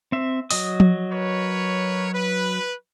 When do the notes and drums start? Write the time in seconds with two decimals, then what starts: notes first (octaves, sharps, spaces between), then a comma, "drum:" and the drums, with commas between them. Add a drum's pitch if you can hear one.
0.12 C4 E5
0.51 F#3 D#5 D#6, drum: open hi-hat
0.80 drum: tom F3
1.10 A#4 B4 C#5
2.14 B4